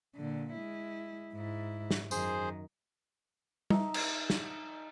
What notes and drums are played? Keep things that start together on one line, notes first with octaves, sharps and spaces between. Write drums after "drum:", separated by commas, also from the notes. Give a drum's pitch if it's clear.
A#2 D3
G#3 E4
G#2 E4
drum: snare
F#2 D#3 G#4 C5, drum: tambourine
D#4 E5 A5, drum: tom G3
drum: cymbal
drum: snare